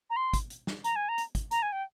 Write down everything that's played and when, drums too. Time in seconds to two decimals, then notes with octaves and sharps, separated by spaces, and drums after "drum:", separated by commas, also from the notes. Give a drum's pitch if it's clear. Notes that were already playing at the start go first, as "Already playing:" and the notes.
0.10 A#5
0.16 C6
0.33 drum: kick, hi-hat
0.50 drum: hi-hat
0.67 drum: snare
0.84 A#5, drum: hi-hat
0.96 G#5
1.09 A#5
1.18 drum: hi-hat
1.35 drum: kick, hi-hat
1.51 A#5, drum: hi-hat
1.62 G#5
1.72 G5